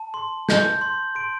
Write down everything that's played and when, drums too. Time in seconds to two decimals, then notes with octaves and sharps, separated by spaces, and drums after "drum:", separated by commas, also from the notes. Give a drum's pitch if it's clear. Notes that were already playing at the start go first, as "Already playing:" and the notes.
Already playing: A5
0.14 C6
0.49 G6, drum: snare
0.81 C6
1.15 C6 D7